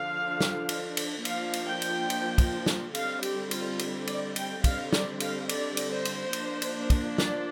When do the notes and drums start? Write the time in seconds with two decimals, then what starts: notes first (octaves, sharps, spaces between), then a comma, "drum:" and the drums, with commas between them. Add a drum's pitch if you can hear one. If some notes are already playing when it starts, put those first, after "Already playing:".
Already playing: D3 F3 D4 F5
0.40 drum: snare
0.69 drum: cymbal
0.97 drum: cymbal
1.25 F3 A#3 D4 F5, drum: cymbal
1.53 drum: cymbal
1.68 G5
1.82 drum: cymbal
2.10 drum: cymbal
2.38 drum: kick, cymbal
2.66 drum: snare
2.95 D3 G3 C4 F5, drum: cymbal
3.23 G4, drum: cymbal
3.51 F4, drum: cymbal
3.79 drum: cymbal
4.07 D5, drum: cymbal
4.36 G5, drum: cymbal
4.64 D3 G3 C4 F5, drum: kick, cymbal
4.93 D5, drum: snare
5.20 F5, drum: cymbal
5.49 D5, drum: cymbal
5.77 drum: cymbal
5.91 C5
6.05 drum: cymbal
6.33 F3 A#3 D4, drum: cymbal
6.62 drum: cymbal
6.90 drum: kick, cymbal
7.18 D5, drum: snare